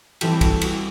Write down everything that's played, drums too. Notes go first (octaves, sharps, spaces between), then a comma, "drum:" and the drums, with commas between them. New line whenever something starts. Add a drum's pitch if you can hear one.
E3 G3 C4 G4 A4, drum: cymbal
A4
F#4 G#4, drum: kick, cymbal
F#4, drum: cymbal